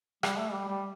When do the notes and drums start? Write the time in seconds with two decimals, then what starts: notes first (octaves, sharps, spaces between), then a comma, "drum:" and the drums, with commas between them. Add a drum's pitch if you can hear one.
0.23 G3, drum: rim click
0.37 A3
0.53 G3
0.69 G3